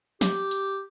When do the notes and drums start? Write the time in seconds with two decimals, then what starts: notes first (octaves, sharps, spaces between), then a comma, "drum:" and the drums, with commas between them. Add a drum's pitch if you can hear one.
0.21 G4, drum: snare
0.51 drum: hi-hat